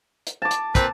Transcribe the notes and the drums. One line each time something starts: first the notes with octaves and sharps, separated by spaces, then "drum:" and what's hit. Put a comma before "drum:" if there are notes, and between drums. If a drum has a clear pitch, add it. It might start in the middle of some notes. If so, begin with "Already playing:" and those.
drum: hi-hat
A5 D6
drum: hi-hat
A#2 C4 B4, drum: kick, hi-hat